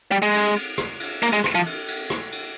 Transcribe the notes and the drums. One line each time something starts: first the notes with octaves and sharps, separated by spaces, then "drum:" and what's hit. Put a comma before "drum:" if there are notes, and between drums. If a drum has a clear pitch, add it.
G3
G#3
drum: cymbal
drum: cymbal
drum: rim click
drum: cymbal
A#3, drum: cymbal
G#3
drum: rim click
F3
drum: cymbal
drum: cymbal
drum: rim click
drum: cymbal